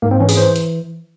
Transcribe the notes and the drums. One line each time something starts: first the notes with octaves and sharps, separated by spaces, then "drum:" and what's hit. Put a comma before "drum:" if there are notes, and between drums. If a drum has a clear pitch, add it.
G#2 A#3
C4
E3 C#4
G#4, drum: open hi-hat
E3 C5
drum: hi-hat